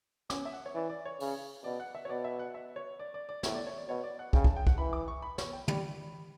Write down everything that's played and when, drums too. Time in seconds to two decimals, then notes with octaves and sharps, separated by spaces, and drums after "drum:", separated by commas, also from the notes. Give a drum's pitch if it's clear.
0.30 C#4 D6, drum: snare
0.45 E5
0.53 F#5
0.66 C#5
0.75 E3 D5
0.89 D5
1.05 C#5
1.20 C#3, drum: open hi-hat
1.64 B2 D5
1.80 F#5
1.95 E5
2.05 C#5
2.09 B2 D5
2.24 E5
2.39 F#5
2.54 E5
2.76 C#5
2.99 D5
3.14 D5
3.29 D5
3.43 A2 C#5, drum: snare
3.55 D5
3.67 C#5
3.77 D5
3.89 B2 C#5
4.04 D5
4.19 F#5
4.33 C#3 G5, drum: kick
4.44 A5, drum: kick
4.56 G5
4.67 F#5, drum: kick
4.78 E3 B5
4.93 D6
5.08 C#6
5.22 B5
5.38 C#5, drum: snare
5.53 G5
5.68 G3 B5, drum: tom